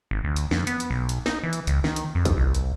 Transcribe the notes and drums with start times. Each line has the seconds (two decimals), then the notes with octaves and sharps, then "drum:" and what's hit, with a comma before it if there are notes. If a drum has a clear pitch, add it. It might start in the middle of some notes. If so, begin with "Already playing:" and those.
0.11 G#1
0.24 D2
0.36 drum: hi-hat
0.51 F2, drum: snare
0.67 B3, drum: hi-hat
0.80 drum: hi-hat
0.91 B1
1.09 drum: hi-hat
1.26 D#4, drum: snare
1.43 E3
1.53 drum: hi-hat
1.67 C#2, drum: hi-hat
1.84 D#3, drum: snare
1.96 drum: hi-hat
2.15 F2
2.25 drum: kick A1, hi-hat
2.37 C2
2.55 drum: hi-hat